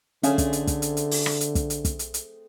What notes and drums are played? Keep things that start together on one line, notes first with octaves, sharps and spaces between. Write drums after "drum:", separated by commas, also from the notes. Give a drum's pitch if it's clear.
D3 A3 C4 C#4 G#4 F5 G#5, drum: hi-hat
drum: kick, hi-hat
drum: hi-hat
drum: kick, hi-hat
drum: hi-hat
drum: hi-hat
drum: open hi-hat
drum: rim click
drum: hi-hat
drum: kick, hi-hat
drum: hi-hat
drum: kick, hi-hat
drum: hi-hat
drum: hi-hat